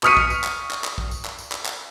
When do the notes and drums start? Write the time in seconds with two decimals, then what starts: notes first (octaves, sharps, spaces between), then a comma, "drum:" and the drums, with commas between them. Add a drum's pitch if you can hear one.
0.03 C#6 D#6 F6 B6 C#7 D#7, drum: clap
0.17 drum: kick
0.30 drum: tambourine
0.44 drum: clap
0.71 drum: clap
0.84 drum: clap
0.98 drum: kick
1.11 drum: tambourine
1.25 drum: clap
1.38 drum: tambourine
1.52 drum: clap
1.65 drum: clap